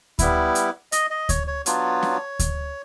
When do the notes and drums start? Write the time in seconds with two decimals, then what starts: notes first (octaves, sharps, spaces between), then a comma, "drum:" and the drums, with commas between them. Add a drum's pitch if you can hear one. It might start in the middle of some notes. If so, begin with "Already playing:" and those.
0.19 G3 B3 E4, drum: kick D2, hi-hat
0.55 drum: hi-hat
0.92 D#5, drum: hi-hat
1.10 D#5
1.29 C#5, drum: kick D2, hi-hat
1.47 C#5
1.66 F#3 B3 D4 F4 C#5, drum: hi-hat
2.03 drum: snare
2.39 drum: kick D2, hi-hat